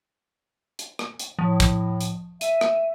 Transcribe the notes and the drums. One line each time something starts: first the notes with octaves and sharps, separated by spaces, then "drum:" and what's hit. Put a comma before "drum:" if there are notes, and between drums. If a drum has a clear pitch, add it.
drum: hi-hat
drum: rim click
drum: hi-hat
A2 F3
drum: kick, hi-hat
drum: hi-hat
E5 D#7, drum: hi-hat
drum: rim click